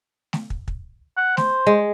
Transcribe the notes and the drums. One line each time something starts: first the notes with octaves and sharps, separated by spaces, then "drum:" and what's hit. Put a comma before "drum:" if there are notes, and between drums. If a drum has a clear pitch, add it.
drum: snare A3
drum: kick
drum: kick
F#5
C5, drum: snare A3
G#3